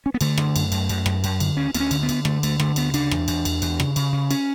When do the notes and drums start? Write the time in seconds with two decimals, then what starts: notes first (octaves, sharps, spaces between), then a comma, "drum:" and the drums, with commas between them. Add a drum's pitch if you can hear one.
0.06 C#4
0.14 B3
0.21 D3 A3, drum: cymbal
0.38 D3, drum: rim click
0.56 F#2, drum: cymbal
0.72 F#2, drum: cymbal
0.89 F#2, drum: cymbal
1.06 F#2, drum: rim click
1.24 F#2, drum: cymbal
1.40 D3, drum: cymbal
1.57 D2 C#4
1.74 D2 B3, drum: cymbal
1.80 C#4
1.91 D3, drum: cymbal
2.03 B3
2.09 D3, drum: cymbal
2.25 D3 A3, drum: rim click
2.43 D2 A3, drum: cymbal
2.60 D3 A3, drum: rim click
2.76 D2 B3, drum: cymbal
2.94 C#3 D4, drum: cymbal
3.11 E2, drum: rim click
3.28 E2, drum: cymbal
3.45 E2, drum: cymbal
3.62 E2, drum: cymbal
3.80 C#3, drum: rim click
3.96 C#3, drum: cymbal
4.13 C#3
4.31 C#4, drum: cymbal